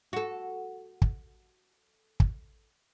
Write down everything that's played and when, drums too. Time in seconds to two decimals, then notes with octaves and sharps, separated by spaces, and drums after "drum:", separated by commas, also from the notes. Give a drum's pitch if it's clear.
0.13 F#4 A4
1.02 drum: kick
2.20 drum: kick